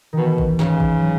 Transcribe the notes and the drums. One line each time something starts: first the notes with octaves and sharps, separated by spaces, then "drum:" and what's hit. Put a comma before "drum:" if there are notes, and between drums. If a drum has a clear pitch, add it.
B2 D#3 E3
drum: kick G#1
G#2 C#3 G#3, drum: snare
drum: kick G#1
F#3